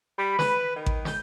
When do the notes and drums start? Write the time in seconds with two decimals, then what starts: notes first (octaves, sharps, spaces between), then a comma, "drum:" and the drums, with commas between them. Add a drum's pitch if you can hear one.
0.18 G3 B5
0.39 B4, drum: snare
0.76 D#3
0.86 drum: kick A1
1.05 G6, drum: snare